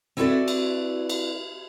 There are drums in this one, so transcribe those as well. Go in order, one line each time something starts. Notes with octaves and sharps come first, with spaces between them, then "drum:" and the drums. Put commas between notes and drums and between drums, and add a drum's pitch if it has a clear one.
C4 E4 F#4 A4 B4 D5
drum: cymbal
drum: cymbal